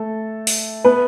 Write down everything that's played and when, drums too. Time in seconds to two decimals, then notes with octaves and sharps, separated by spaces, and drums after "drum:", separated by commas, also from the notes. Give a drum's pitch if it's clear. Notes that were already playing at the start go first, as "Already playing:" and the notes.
Already playing: A3 A4
0.47 drum: open hi-hat
0.85 B3 B4